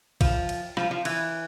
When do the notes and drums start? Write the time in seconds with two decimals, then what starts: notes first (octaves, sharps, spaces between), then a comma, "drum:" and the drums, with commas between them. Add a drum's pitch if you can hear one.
0.21 F3, drum: kick A#1, cymbal
0.49 drum: cymbal
0.77 F3, drum: rim click
0.91 F3
1.05 E3, drum: cymbal